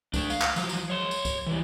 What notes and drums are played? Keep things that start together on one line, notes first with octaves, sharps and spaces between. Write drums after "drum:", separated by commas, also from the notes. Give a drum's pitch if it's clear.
A3 D4, drum: kick C#2, tambourine
F5, drum: tambourine
drum: clap
F3 F#3, drum: tambourine
drum: tambourine
C#5 C6
drum: tambourine
drum: kick C#2, tambourine
E3 G3